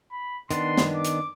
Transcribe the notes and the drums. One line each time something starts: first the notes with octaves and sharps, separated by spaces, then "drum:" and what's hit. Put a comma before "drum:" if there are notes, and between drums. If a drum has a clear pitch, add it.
B5
D#3 B3 D4 C6, drum: hi-hat
drum: snare
D6
drum: hi-hat